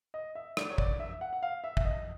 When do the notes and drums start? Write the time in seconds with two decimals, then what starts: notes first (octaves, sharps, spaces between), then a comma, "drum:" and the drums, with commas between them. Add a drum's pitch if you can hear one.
0.14 D#5
0.35 E5
0.57 D5, drum: rim click
0.70 C#5
0.78 D5, drum: kick
1.00 E5
1.21 F#5
1.33 F#5
1.43 F5
1.64 E5
1.77 E5, drum: kick
1.85 D#5